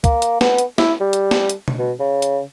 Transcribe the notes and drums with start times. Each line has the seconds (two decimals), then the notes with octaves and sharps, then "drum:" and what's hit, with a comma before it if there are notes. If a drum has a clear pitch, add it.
0.04 A#3, drum: kick, hi-hat
0.22 drum: hi-hat
0.41 B3, drum: snare
0.58 drum: hi-hat
0.78 E4, drum: snare
1.01 G3
1.13 drum: hi-hat
1.31 drum: snare
1.49 drum: hi-hat
1.68 drum: tom B2
1.79 B2
2.00 C#3
2.22 drum: hi-hat